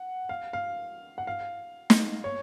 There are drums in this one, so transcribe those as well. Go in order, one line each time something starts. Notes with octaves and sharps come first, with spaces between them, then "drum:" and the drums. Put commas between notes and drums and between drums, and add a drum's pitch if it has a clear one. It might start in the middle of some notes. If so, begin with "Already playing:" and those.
Already playing: F#5
F5
F5
F#5
F5
drum: snare
C#5